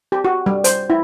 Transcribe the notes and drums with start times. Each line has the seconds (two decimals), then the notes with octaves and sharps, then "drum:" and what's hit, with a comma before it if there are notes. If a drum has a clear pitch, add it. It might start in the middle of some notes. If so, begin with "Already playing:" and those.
0.12 G4
0.25 F#4
0.46 G3
0.64 C5, drum: hi-hat
0.90 E4